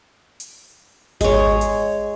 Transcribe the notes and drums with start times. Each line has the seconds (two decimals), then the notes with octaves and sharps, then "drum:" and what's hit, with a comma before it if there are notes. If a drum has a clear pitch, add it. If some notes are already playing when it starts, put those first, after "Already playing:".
0.40 drum: hi-hat
1.21 G#3 C#5, drum: kick G#1, hi-hat
1.61 drum: hi-hat